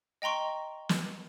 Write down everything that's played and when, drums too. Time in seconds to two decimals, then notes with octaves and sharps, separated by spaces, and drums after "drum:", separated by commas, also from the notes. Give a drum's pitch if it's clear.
0.22 D#5 G5 A#5 C6 C#6
0.89 drum: snare